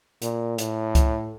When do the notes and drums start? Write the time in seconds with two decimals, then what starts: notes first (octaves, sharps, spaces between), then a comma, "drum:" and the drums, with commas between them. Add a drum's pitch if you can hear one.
0.22 A#2, drum: hi-hat
0.58 A2, drum: hi-hat
0.95 drum: kick, hi-hat